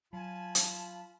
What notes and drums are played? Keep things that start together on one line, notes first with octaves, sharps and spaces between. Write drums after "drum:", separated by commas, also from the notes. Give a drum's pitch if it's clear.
F#3 F4 G#5 A5 B5
drum: hi-hat